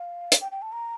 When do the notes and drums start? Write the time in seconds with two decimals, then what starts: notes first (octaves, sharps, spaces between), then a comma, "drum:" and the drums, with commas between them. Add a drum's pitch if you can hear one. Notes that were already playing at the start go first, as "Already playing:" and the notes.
Already playing: F5
0.32 drum: hi-hat
0.41 G5
0.52 G5
0.62 A5
0.72 A#5